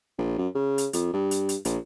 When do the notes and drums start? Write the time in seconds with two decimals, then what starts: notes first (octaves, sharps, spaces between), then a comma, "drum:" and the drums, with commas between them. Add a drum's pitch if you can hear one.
0.18 A#1
0.38 F#2
0.55 C#3
0.78 drum: hi-hat
0.93 F2, drum: hi-hat
1.13 G2
1.31 drum: hi-hat
1.49 drum: hi-hat
1.65 A#1, drum: hi-hat